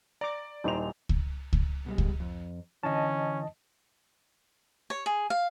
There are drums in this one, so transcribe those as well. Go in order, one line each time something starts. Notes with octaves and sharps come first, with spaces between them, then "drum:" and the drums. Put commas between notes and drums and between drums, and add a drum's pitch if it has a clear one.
D5 A#5 D6
D#1 D#4 E4 C5 F7
drum: kick C#2
drum: kick C#2
B2 G3 G#3
drum: kick C#2
F2
D3 E3 C#4 D#5 A5
C#5
G#4
F5